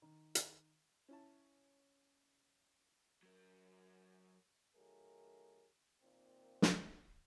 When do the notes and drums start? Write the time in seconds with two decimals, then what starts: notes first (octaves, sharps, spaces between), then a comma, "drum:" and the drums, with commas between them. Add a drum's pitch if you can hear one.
0.02 D#3
0.35 drum: hi-hat
1.08 C#4 E4 A5
3.23 F#3 A#4
4.76 D#3 F#3 A3 G4 G#4 A#4
6.02 A#2 D#3 A#3 C4
6.62 drum: snare